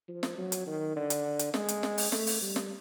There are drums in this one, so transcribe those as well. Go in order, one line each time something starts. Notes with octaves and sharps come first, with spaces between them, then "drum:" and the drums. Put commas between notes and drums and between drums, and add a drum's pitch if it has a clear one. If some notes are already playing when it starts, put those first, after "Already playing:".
F3
drum: snare
F#3
drum: hi-hat
D#3
D3
drum: hi-hat
drum: hi-hat
G#3, drum: snare
drum: hi-hat
drum: snare
drum: open hi-hat
A3, drum: snare
drum: open hi-hat
G3
drum: snare